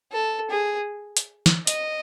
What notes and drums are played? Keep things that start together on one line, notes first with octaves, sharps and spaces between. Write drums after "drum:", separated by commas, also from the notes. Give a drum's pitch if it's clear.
A4
G#4
drum: hi-hat
drum: snare
D#5, drum: hi-hat